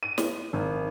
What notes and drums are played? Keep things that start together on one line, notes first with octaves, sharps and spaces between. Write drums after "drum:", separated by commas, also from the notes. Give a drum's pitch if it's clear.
D#7
drum: snare
G#1